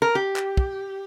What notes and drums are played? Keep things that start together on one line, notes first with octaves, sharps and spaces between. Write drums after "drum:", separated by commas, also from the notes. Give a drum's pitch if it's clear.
A#4
G4
drum: clap
drum: kick